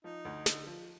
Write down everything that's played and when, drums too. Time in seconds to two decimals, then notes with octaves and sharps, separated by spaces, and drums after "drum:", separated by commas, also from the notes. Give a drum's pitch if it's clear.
0.04 F3 D#4
0.25 D2
0.46 D3, drum: snare
0.67 F3